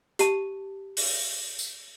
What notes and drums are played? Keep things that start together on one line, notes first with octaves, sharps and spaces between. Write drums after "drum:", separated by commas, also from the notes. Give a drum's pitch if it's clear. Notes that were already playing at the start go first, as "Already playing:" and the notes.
G4 A5, drum: hi-hat
drum: open hi-hat
drum: tambourine